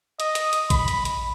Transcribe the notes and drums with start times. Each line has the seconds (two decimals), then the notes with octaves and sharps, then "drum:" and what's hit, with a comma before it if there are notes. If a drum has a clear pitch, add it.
0.20 D#5, drum: hi-hat
0.35 drum: hi-hat
0.53 drum: hi-hat
0.70 B5, drum: kick, hi-hat
0.88 drum: hi-hat
1.05 drum: hi-hat